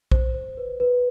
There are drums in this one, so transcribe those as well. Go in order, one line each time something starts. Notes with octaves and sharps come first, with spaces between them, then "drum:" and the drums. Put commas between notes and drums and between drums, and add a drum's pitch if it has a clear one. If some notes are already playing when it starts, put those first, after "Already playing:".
C5, drum: kick A#1
C5
B4
B4